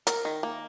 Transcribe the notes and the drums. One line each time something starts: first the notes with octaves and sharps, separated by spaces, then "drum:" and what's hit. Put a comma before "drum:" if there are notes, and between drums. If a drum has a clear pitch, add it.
A#4, drum: hi-hat
D#3
A#3